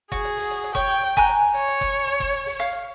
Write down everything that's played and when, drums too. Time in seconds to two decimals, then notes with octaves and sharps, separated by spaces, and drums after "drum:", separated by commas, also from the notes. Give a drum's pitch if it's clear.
0.12 F#4 G#4, drum: kick F#1, hi-hat
0.25 drum: hi-hat
0.38 drum: open hi-hat
0.51 drum: hi-hat
0.64 drum: hi-hat
0.75 C#5 G5, drum: kick F#1, hi-hat
1.03 drum: hi-hat
1.17 G#5 A#5 F#6, drum: kick F#1, hi-hat
1.29 drum: hi-hat
1.55 C#5, drum: hi-hat
1.68 drum: hi-hat
1.81 drum: kick F#1, hi-hat
2.07 drum: hi-hat
2.20 drum: kick F#1, hi-hat
2.33 drum: hi-hat
2.46 drum: open hi-hat
2.60 F5, drum: hi-hat
2.72 drum: hi-hat